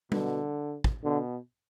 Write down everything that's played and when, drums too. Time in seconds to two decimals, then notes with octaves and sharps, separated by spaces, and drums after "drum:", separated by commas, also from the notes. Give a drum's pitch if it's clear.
0.12 B2 D3, drum: tom G3
0.84 drum: kick
1.04 B2 D3